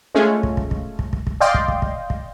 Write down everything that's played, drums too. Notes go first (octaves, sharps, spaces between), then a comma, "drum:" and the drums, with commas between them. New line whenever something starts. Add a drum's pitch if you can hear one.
G#3 A3 C#4 F4
drum: kick
drum: kick
drum: kick
drum: kick
drum: kick
drum: kick
D5 D#5 F5 G5 C6
drum: kick
drum: kick
drum: kick
drum: kick